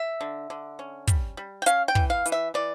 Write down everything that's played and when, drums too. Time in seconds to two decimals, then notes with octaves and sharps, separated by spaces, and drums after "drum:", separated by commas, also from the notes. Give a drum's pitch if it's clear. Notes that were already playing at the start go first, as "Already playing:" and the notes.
Already playing: E5
0.21 D3
0.50 D3
0.79 C#4
1.08 G3, drum: kick, hi-hat
1.37 G3
1.62 G5
1.66 C#4 F5, drum: hi-hat
1.88 G5
1.95 E3, drum: kick
2.10 F5
2.26 E3, drum: hi-hat
2.32 E5
2.54 E3 D5